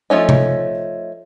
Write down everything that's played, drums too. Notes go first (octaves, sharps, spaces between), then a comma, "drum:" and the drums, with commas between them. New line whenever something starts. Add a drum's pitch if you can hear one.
F3 G#3 A3 C#4 D#4
drum: tom C3